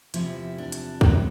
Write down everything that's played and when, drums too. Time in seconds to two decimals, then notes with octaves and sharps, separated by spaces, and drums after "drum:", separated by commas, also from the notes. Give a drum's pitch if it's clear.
0.14 E2 C3 F3 E4, drum: hi-hat
0.58 D4
0.72 drum: hi-hat
1.01 D2 C3 E3 A3, drum: kick